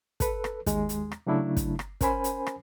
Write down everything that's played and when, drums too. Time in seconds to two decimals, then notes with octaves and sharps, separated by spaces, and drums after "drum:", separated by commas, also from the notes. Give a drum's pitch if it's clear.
0.20 A4 B4, drum: kick, hi-hat
0.44 drum: rim click
0.67 D#2 G#3, drum: kick, hi-hat
0.89 drum: hi-hat
1.12 drum: rim click
1.27 C#3 F#3 A3 D4 E4
1.57 drum: kick, hi-hat
1.79 drum: rim click
2.01 C#4 A#4 C5 G#5 B5, drum: kick, hi-hat
2.24 drum: hi-hat
2.47 drum: rim click